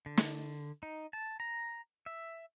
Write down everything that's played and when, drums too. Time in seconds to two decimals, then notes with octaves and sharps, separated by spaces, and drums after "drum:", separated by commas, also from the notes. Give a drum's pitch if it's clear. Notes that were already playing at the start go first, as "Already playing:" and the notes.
0.06 D3
0.17 drum: snare
0.83 D#4
1.13 A5
1.40 A#5
2.06 E5